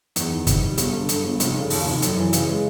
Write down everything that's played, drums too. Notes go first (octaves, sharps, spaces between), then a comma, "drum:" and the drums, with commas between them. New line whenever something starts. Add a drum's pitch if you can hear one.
E2, drum: hi-hat
D#3
C3, drum: kick, hi-hat
G3
G1, drum: hi-hat
D3
G2, drum: hi-hat
G1
F1, drum: hi-hat
C#3
D#2, drum: open hi-hat
F1
F#2, drum: hi-hat
E3
C#3, drum: hi-hat
G#3